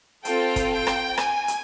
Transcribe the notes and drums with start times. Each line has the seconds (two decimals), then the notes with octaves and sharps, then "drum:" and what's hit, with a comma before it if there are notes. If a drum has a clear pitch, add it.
0.25 C4 F4 A4 G5, drum: hi-hat
0.56 drum: kick, hi-hat
0.72 G5
0.87 drum: rim click
1.18 G#5, drum: rim click
1.48 drum: hi-hat